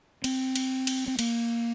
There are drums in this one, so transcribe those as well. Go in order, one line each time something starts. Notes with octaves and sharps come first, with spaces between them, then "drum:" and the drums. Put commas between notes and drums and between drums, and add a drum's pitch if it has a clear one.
C4, drum: cymbal
drum: cymbal
drum: cymbal
C4
A#3, drum: cymbal